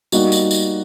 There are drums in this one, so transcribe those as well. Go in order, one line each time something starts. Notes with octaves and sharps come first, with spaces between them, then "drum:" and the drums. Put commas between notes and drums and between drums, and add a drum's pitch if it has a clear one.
G3 A#3 D#4 F#4, drum: tambourine
drum: tambourine
drum: tambourine